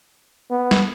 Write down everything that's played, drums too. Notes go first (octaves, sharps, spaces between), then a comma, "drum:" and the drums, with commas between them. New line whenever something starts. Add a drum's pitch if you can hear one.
B3
drum: snare